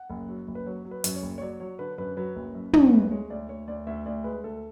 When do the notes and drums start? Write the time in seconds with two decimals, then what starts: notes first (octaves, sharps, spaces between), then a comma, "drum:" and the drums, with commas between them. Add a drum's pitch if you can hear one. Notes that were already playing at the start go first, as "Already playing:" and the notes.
Already playing: F#5
0.10 F#1
0.28 F#3
0.48 F#1
0.55 B4
0.66 F#3 C#5
0.85 F#3
0.91 B4
1.04 F#2, drum: hi-hat
1.16 C#5
1.22 F#1
1.38 C#5
1.41 F#3 D5
1.60 F#3 C#5
1.79 D3 B4
1.98 F#2 B4
2.17 F#3 B4
2.36 F#1
2.55 F#2
2.73 F#2, drum: tom
2.87 C#5
2.93 D2 B4
3.11 G#3 C#5
3.30 D2 D5
3.49 D2 C#5
3.68 D2 D5
3.87 D2 E5
4.06 D2 D5
4.24 G#3 B4
4.44 D2 A4